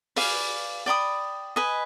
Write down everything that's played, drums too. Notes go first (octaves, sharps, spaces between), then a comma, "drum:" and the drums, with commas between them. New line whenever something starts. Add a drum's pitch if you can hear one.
B4 D5 F5 G#5, drum: open hi-hat
D5 G5 B5 D#6
B4 D#5 G#5